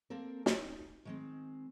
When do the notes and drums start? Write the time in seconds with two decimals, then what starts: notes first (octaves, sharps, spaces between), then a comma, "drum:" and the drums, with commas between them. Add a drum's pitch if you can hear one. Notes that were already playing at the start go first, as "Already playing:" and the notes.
0.10 A#3 C4 A4 A#4
0.46 D#4, drum: snare
1.05 D#3 G#3 C4